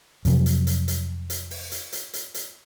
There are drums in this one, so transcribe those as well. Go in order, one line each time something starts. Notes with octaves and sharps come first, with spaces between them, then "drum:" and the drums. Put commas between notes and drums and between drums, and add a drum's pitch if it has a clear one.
F2 C3 F#3, drum: hi-hat
drum: hi-hat
drum: hi-hat
drum: hi-hat
drum: hi-hat
drum: open hi-hat
drum: hi-hat
drum: hi-hat
drum: hi-hat
drum: hi-hat